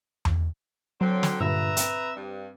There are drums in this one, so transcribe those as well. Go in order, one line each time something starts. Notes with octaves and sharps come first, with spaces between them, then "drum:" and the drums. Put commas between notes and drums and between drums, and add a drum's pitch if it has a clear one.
drum: tom E2
D3 F#3 C4
drum: snare
G2 A#2 D3 B4 E5 A#5
C4, drum: hi-hat
G2